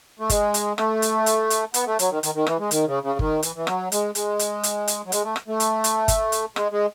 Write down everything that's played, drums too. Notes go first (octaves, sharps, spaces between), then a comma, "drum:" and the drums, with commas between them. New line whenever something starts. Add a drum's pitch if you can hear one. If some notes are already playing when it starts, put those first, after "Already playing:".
A3
G#3, drum: kick G1, hi-hat
drum: hi-hat
A3, drum: rim click
drum: hi-hat
drum: hi-hat
drum: hi-hat
B3, drum: hi-hat
A3
F#3, drum: hi-hat
D#3
D#3, drum: hi-hat
D#3
E3, drum: rim click
G#3
D#3, drum: hi-hat
C#3
C#3
D#3, drum: kick G1
E3, drum: hi-hat
E3
F#3, drum: rim click
G#3, drum: hi-hat
G#3, drum: hi-hat
drum: hi-hat
drum: hi-hat
drum: hi-hat
F#3
G#3, drum: hi-hat
A3
drum: rim click
A3
drum: hi-hat
drum: hi-hat
drum: kick G1, hi-hat
drum: hi-hat
G#3, drum: rim click
G#3